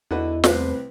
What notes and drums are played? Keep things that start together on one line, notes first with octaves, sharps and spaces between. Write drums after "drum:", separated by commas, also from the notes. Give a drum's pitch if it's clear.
E2 D3 E4 F#4 B4 D#5
C2 C3 A3 C4 B4 C5 F#5, drum: snare